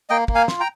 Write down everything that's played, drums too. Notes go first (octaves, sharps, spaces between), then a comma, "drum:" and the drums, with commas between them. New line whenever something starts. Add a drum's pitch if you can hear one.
A#3 D#5 G5
A#3, drum: kick
F5 G#5
F4, drum: snare
G5 A#5